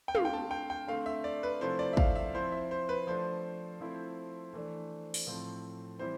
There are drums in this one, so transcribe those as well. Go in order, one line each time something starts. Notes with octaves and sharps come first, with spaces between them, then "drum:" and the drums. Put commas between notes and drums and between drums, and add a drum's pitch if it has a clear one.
G5
D3 A3 C4 F5, drum: tom
G5
A5
G5
G5
D3 A3 C4 F5
E5
D5
B4
C3 F3 A3 E4 C5
D5
E5
F5, drum: kick
E5
F3 C4 E4 C5
E5
C5
B4
F3 A3 D4 C5
F3 A3 C4 E4
E3 A3 D4
drum: open hi-hat
A2 F3 A3 C4
E3 G3 C4 E4 C5